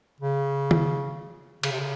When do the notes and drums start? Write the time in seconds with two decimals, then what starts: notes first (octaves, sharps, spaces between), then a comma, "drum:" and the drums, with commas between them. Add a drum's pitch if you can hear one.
0.20 C#3
0.71 drum: tom D#3
1.63 C#3, drum: cymbal
1.72 C3
1.80 C#3